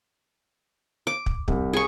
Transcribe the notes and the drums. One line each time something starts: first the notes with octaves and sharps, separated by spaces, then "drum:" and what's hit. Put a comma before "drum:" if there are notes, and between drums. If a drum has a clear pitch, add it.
D6
drum: kick
C2, drum: kick
G#4 C#6